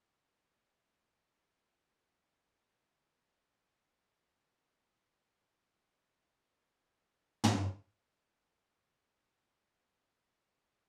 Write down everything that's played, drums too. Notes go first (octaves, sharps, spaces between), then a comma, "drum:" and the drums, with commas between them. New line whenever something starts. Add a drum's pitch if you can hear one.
C#3
F#3
G#2
A#3
D#3
B4
F#6
F5
G#5
drum: tom
D#3 D5